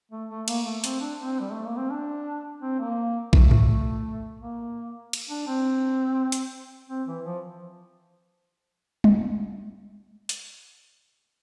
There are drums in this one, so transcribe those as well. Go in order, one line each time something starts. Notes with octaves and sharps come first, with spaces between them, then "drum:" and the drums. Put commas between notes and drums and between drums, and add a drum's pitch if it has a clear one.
A3
A3
A#3, drum: cymbal
A3
C4, drum: hi-hat
D4
C4
G3
A3
A#3
C4
D4
C4
A#3
A3, drum: kick A#1
A3, drum: tom G#2
A3
A#3
drum: cymbal
D4
C4
drum: hi-hat
C4
E3
F3
drum: tom G3
drum: hi-hat